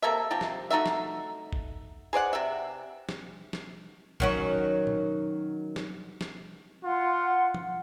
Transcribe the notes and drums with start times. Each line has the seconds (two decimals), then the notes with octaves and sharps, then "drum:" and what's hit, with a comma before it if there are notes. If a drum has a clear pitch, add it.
0.02 C3 A#3 A4 E5
0.31 C3 F3 G4
0.41 drum: snare
0.70 A3 D#4 F#4 E5
0.86 drum: snare
1.53 drum: kick G1
2.13 G#4 C5 D5 F#5
2.33 C3 E5
3.09 drum: snare
3.53 drum: snare
4.20 D#3 F#3 C#4, drum: kick G1
4.87 drum: tom A#2
5.76 drum: snare
6.21 drum: snare
6.84 F4 F#5 C6
7.54 drum: tom